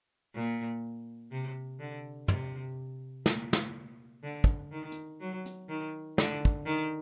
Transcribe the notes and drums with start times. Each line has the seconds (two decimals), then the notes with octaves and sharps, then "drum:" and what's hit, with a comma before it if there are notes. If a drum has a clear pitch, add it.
0.34 A#2
1.32 C3
1.80 D3
2.28 C3, drum: tom
3.26 A#2, drum: snare
3.53 drum: snare
4.23 D3
4.44 drum: kick
4.72 D#3
4.92 drum: hi-hat
5.21 F#3
5.46 drum: hi-hat
5.69 D#3
6.18 D3, drum: snare
6.45 drum: kick
6.66 D#3